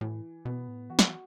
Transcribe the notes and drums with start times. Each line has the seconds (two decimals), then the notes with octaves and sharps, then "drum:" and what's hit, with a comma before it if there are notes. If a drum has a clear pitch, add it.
0.01 A2 E3
0.45 B2 B3
0.68 A2
0.90 E3 F#4
0.99 F#3, drum: snare
1.07 E3